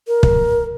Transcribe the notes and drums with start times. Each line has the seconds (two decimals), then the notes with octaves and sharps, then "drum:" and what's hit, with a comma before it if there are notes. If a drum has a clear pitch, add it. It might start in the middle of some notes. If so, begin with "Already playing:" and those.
0.08 A#4
0.23 drum: kick